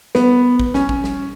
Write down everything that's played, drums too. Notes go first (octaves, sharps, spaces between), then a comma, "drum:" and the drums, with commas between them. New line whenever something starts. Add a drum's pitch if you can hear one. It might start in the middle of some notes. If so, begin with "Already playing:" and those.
B3, drum: snare
drum: kick
C#4, drum: snare
drum: kick
drum: snare